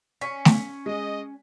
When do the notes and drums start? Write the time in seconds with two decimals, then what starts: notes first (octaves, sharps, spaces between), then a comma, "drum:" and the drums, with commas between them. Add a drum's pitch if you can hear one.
0.21 C#4 B6
0.45 drum: snare A3
0.86 G#3 D#5